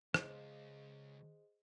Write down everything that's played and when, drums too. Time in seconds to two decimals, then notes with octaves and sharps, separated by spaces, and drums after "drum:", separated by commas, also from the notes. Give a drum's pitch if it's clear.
0.14 C#2 G#4 C5 D#5, drum: rim click